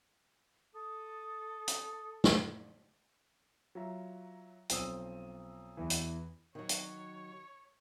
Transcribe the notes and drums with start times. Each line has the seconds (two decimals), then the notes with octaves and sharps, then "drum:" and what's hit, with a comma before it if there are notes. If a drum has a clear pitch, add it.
0.75 A4 D#6
1.68 drum: hi-hat
2.24 drum: snare
3.75 F#3 F4 E5 A#5
4.69 B1 F3 C4 D#6 E6, drum: hi-hat
5.77 E2 E3
5.90 drum: hi-hat
6.55 D#3 F#3 C#5
6.69 drum: hi-hat